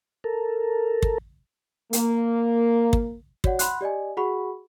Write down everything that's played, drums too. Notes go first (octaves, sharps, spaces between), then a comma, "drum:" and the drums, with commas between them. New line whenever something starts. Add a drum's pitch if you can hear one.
A4 A#4
drum: kick
A#3, drum: hi-hat
drum: kick
F#4 C#5 D5 F#5, drum: kick
F#5 B5 C6 F#6, drum: hi-hat
G4 D5 D#5 G#5
F#4 G#4 F#5 B5 C#6